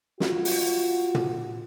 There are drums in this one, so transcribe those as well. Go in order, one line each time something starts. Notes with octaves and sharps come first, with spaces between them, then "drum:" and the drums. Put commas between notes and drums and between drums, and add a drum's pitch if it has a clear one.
F4 F#4, drum: snare
drum: open hi-hat
drum: tom